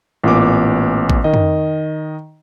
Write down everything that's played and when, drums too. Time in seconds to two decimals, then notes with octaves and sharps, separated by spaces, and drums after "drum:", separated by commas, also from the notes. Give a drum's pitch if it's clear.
0.24 A1 A#2 B3 D6
1.10 drum: kick A1
1.24 D#3 D#5
1.34 drum: tom